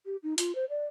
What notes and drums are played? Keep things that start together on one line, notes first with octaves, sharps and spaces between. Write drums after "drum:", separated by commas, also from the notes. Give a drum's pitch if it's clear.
G4
D#4
F4, drum: hi-hat
C5
D5